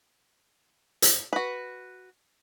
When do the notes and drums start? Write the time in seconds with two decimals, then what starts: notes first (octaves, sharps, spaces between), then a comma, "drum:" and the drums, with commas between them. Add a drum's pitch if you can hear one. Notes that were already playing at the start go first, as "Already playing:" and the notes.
1.02 drum: hi-hat
1.33 F#4 B4